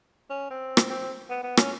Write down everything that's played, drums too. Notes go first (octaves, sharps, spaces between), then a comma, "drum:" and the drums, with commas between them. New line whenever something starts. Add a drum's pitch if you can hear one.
C#4
C4
drum: rim click
C4
B3
B3
C#4, drum: rim click